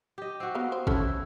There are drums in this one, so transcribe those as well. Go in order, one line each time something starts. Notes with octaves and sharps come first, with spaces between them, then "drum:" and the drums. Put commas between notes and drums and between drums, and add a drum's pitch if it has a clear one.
G4 D#5
C4 F#4
B3 F5
C5
E3 C#4 E4 A4, drum: kick